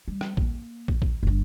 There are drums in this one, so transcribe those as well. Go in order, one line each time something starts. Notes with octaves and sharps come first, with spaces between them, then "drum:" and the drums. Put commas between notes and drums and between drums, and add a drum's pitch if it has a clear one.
G3
drum: rim click
A#3, drum: kick
drum: kick
drum: kick
G1 G2